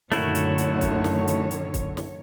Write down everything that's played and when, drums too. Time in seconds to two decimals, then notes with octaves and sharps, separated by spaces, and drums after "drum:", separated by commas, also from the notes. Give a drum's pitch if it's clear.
0.12 F#2 A#2 D3 D#3 A3 E4 F#4 C#5, drum: snare
0.35 drum: hi-hat
0.58 drum: hi-hat
0.81 drum: kick, hi-hat
1.04 drum: snare
1.27 drum: hi-hat
1.51 drum: hi-hat
1.74 drum: kick, hi-hat
1.97 drum: snare